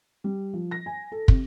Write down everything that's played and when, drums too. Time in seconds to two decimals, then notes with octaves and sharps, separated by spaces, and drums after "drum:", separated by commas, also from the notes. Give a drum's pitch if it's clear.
0.24 G3
0.53 F3
0.71 A#6
0.86 G#5
1.12 A4
1.28 C3, drum: kick